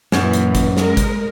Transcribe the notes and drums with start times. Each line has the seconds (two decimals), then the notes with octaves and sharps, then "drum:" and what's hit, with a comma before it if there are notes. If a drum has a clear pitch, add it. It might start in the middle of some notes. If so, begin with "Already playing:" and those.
0.12 F#2 A#2 E3, drum: snare
0.33 drum: hi-hat
0.55 drum: kick, hi-hat
0.77 G#3 A#4, drum: snare
0.97 drum: kick, hi-hat